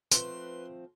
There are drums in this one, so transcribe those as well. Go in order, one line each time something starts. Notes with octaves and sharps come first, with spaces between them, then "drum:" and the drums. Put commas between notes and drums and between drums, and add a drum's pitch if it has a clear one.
F3 A3 C4 B4 C6, drum: tambourine